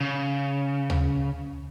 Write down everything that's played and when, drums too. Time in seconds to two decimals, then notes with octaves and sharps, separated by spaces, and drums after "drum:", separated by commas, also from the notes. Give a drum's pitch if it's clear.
0.01 C#3
0.90 drum: tom